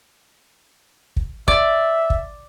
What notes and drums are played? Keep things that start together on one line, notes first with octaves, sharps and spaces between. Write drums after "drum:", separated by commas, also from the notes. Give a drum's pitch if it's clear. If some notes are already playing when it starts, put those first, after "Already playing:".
drum: kick
D5 E5, drum: kick
drum: kick